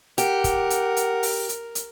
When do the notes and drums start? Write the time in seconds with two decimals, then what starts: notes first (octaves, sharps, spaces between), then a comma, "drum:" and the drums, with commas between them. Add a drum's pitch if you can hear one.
0.18 G4 A#4 F#5, drum: hi-hat
0.44 drum: kick, hi-hat
0.70 drum: hi-hat
0.97 drum: hi-hat
1.23 drum: open hi-hat
1.49 drum: hi-hat
1.75 drum: hi-hat